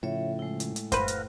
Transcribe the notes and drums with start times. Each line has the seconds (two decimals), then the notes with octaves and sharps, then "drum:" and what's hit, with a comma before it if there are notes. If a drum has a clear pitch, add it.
0.03 A2 C#3 F3 C#5 E5
0.39 G#3 E4
0.60 drum: hi-hat
0.76 drum: hi-hat
0.92 B4 C5 F5 F#5 A#5, drum: kick F#2, hi-hat
1.08 drum: hi-hat